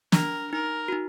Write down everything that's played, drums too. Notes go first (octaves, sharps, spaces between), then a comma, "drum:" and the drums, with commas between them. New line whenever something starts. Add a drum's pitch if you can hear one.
D4 A#4, drum: snare
D#4 A#4
F#4
D#4